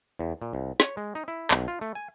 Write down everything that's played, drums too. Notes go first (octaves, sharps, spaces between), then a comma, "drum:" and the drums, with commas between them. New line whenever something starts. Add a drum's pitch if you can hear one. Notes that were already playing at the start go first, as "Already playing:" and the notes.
E2
A#2
C2
C#5, drum: snare
G#3
D#4
E4
B1, drum: clap
F4
A3
G#5